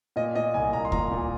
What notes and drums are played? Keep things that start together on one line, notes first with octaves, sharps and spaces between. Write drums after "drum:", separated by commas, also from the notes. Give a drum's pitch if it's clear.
A#2 D#5
A#2 D#5
C2 G#5
C2 A#5
C6
A#2 A#5, drum: kick D2
A#2